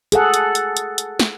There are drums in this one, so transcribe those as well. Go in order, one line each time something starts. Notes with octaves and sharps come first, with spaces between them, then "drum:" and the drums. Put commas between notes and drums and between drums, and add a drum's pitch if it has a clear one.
G#4 A4 F#5, drum: hi-hat
drum: hi-hat
drum: hi-hat
drum: hi-hat
drum: hi-hat
drum: snare